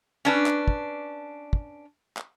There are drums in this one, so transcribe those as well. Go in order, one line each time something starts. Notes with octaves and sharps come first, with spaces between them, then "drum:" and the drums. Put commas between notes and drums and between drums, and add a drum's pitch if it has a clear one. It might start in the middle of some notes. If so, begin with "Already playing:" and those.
C#4 D4 B4
drum: clap
drum: kick
drum: kick
drum: clap